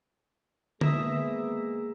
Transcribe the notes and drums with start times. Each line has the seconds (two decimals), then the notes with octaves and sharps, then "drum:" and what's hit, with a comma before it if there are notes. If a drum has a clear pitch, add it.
0.81 G#3 A#3 B3 G#4 E5 D#6, drum: tom D3